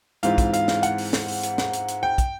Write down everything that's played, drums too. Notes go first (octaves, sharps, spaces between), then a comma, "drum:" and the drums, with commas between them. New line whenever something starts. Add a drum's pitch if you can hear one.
G#2 E3 G#3 C4 F4 F5, drum: hi-hat
drum: kick, hi-hat
F5, drum: hi-hat
drum: snare
F#5, drum: hi-hat
drum: open hi-hat
drum: snare
drum: open hi-hat
drum: hi-hat
drum: snare
drum: hi-hat
drum: hi-hat
G5
drum: kick, hi-hat